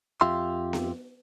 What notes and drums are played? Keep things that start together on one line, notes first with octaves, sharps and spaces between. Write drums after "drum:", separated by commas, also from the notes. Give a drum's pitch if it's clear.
F2 F4 G4 E5 C6
drum: snare B3